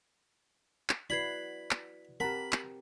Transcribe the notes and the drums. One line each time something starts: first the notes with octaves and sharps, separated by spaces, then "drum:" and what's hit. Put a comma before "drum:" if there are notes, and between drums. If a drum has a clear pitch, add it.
drum: clap
E4 F#4 B4 D5 B5 G#6 C7
drum: clap
C4 G4 A#4 F#5 A5 B5
drum: clap